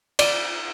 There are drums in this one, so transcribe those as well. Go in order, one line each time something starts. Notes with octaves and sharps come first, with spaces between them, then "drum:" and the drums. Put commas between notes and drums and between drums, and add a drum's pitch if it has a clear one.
D5, drum: cymbal